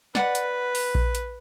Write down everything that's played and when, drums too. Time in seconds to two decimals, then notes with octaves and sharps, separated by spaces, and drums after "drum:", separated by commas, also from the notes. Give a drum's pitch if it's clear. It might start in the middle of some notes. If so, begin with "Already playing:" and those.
0.15 B4 D5 F#5, drum: snare
0.35 drum: hi-hat
0.75 drum: open hi-hat
0.95 drum: kick A#1
1.15 drum: hi-hat